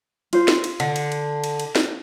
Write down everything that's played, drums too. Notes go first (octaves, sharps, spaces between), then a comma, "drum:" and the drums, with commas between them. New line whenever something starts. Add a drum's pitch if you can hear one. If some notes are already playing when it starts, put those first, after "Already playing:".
F4 C5, drum: cymbal
drum: snare
drum: cymbal
D3, drum: cymbal
drum: cymbal
drum: cymbal
drum: cymbal
drum: cymbal
drum: snare